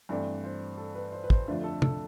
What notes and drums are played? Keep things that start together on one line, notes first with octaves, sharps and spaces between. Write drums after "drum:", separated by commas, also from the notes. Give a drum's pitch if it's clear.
G2 E3 A3 C4 D5
C5
A4
B4
C5
B4
C5, drum: kick
F2 D3 A3 D4 F4
A4
A4, drum: tom